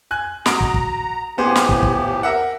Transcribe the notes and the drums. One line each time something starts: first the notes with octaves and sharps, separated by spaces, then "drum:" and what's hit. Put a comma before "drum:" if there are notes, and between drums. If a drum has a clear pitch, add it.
G#5 F#6
F#4 A#5 D#6 D7, drum: snare
drum: kick
drum: kick
A2 F3 B3 G4 G#4 C5
drum: snare
drum: kick
drum: kick
A#4 E5 F#5